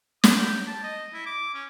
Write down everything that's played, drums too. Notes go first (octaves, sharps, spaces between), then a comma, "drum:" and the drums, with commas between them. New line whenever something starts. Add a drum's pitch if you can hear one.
D#6, drum: snare
G4
A5
D#5
E4
D6
C#4